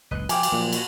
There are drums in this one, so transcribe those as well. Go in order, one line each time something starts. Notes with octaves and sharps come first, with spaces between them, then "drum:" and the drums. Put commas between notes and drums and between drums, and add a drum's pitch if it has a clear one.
F#1 C#2 A2 B4 D#5 F#6
F3 F4 G5 G#5 D6, drum: cymbal
drum: cymbal
A#2 F3 F#3
F#4 D#5 A5, drum: cymbal